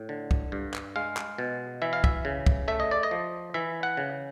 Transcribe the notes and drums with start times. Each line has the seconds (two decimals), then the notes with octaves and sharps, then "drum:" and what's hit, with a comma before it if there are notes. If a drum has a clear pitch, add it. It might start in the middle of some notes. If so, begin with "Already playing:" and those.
Already playing: A2
0.09 D3
0.31 drum: kick
0.52 G2
0.74 drum: clap
0.96 G#3 F5
1.17 drum: clap
1.38 B2
1.82 E3 E5
1.93 F5
2.04 E5, drum: kick
2.25 C#3
2.47 drum: kick
2.68 A3 E5
2.80 D#5
2.91 D5
3.03 D#5
3.11 F3
3.54 E3 E5
3.83 F#5
3.97 C#3